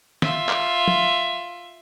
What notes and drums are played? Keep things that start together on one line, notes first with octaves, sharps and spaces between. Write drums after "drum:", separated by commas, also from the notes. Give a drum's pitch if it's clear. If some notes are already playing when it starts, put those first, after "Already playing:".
F4 E5, drum: snare
drum: clap
drum: tom